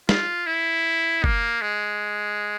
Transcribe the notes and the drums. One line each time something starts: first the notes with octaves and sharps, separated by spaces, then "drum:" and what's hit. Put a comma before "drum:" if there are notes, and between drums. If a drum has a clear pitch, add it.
F4, drum: snare
E4
A#3, drum: kick
G#3